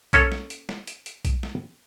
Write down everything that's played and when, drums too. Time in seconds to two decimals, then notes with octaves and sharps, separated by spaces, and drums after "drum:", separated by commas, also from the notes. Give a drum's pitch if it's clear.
0.13 A#3 C#4 A4 C#5, drum: kick B1, hi-hat
0.32 drum: snare
0.50 drum: hi-hat
0.69 drum: snare
0.87 drum: hi-hat
1.06 drum: hi-hat
1.25 drum: kick B1, hi-hat
1.43 drum: snare